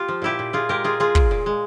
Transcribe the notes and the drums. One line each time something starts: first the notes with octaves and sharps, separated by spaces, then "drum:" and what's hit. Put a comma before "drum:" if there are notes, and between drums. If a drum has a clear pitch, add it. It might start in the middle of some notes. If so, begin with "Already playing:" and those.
Already playing: F4 G4
F3
A#2 E4 G4
A#2
A#2 F4 G#4
G#3 G4 A#4
G#3 F4 G#4
G#3 F4 G#4
A#2, drum: kick
A#2
G#3